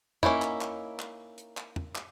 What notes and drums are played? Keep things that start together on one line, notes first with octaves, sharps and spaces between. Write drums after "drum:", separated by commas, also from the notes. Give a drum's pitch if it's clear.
A#3 C#4 D#4 E4, drum: tom
drum: clap
drum: clap
drum: clap
drum: hi-hat
drum: clap
drum: tom
drum: clap